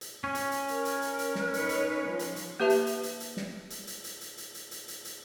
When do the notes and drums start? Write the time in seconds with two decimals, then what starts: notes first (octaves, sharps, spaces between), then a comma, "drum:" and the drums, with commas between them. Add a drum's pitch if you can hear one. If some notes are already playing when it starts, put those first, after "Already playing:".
0.01 drum: hi-hat
0.24 C#4
0.35 drum: hi-hat
0.51 drum: hi-hat
0.68 A#4, drum: hi-hat
0.85 drum: hi-hat
1.02 drum: hi-hat
1.19 drum: hi-hat
1.35 drum: snare
1.54 D#4 B4 C#5, drum: hi-hat
1.69 drum: hi-hat
2.06 F3
2.19 drum: hi-hat
2.36 drum: hi-hat
2.60 A#3 G4 B4 E5 A5
2.70 drum: hi-hat
2.86 drum: hi-hat
3.03 drum: hi-hat
3.20 drum: hi-hat
3.37 drum: snare
3.70 drum: hi-hat
3.87 drum: hi-hat
4.04 drum: hi-hat
4.21 drum: hi-hat
4.38 drum: hi-hat
4.54 drum: hi-hat
4.71 drum: hi-hat
4.88 drum: hi-hat
5.05 drum: hi-hat